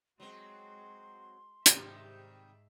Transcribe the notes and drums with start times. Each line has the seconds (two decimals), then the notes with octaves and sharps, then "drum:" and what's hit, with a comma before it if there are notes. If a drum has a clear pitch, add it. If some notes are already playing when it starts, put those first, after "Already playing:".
0.20 F#3 G#3 C4 F#4 C6
1.66 G#2 C3 D#3 G3 E5, drum: hi-hat